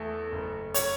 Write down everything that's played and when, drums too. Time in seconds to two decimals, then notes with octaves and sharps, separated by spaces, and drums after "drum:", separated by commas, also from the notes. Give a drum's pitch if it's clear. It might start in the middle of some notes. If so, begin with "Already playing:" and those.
Already playing: E2 A3
0.32 F#1
0.74 C#5, drum: hi-hat